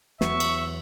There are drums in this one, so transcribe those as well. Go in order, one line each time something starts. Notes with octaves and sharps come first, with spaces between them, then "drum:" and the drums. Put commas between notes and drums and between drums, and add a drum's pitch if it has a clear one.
E2 F#3 B3 E5 C#6, drum: snare
drum: cymbal